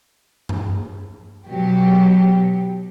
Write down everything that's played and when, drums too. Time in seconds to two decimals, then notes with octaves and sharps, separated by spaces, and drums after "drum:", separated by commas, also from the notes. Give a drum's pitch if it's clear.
0.49 drum: tom G2
1.47 B2 F#3 G4